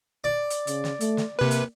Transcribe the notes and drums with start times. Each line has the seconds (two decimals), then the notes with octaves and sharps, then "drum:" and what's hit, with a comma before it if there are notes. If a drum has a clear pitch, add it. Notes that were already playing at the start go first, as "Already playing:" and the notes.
0.24 D5
0.50 drum: hi-hat
0.67 C#3, drum: hi-hat
0.84 drum: snare
1.01 A3, drum: hi-hat
1.17 drum: snare
1.39 C3 A#3 B4
1.51 drum: hi-hat